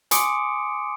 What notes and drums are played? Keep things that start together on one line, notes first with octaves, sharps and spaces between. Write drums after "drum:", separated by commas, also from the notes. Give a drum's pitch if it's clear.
G#5 C6 D6 D#6 C#7 D7, drum: hi-hat